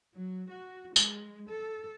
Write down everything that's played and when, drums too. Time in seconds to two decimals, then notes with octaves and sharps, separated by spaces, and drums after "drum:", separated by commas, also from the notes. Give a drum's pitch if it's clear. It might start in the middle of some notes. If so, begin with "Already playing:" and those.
0.16 F#3
0.51 F#4
0.96 G#3, drum: tambourine
1.49 A4